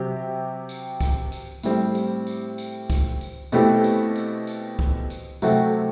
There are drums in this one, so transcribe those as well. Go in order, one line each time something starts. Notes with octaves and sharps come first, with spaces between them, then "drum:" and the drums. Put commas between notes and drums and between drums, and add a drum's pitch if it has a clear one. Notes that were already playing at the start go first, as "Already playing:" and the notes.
Already playing: C3 F#3 C4 G4
drum: tambourine
drum: kick C2, tambourine
drum: tambourine
A2 G3 C4 G4, drum: tambourine
drum: tambourine
drum: tambourine
drum: tambourine
drum: kick C2, tambourine
drum: tambourine
B2 A3 C4 E4 G4, drum: tambourine
drum: tambourine
drum: tambourine
drum: tambourine
drum: kick C2
drum: tambourine
C3 F#3 A3 C4 F#4, drum: tambourine